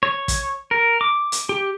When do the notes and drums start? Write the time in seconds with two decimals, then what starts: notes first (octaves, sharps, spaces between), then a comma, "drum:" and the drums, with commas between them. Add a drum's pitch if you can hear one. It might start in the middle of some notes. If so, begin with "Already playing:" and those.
0.03 C#5
0.28 drum: kick, hi-hat
0.71 A#4
1.01 D6
1.32 drum: hi-hat
1.49 G4